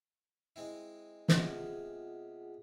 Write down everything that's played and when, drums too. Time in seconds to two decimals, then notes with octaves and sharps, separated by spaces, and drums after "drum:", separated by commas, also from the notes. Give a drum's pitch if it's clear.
0.56 G#3 C4 E4
1.28 C3 G#3 B3 F4 G#4 F#5, drum: snare